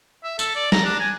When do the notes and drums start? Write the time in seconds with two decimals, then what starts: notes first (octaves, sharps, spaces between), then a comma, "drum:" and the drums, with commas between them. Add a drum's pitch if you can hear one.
0.24 E5
0.39 A4, drum: tambourine
0.56 D5
0.72 A#5, drum: snare
0.85 D4
1.00 G#5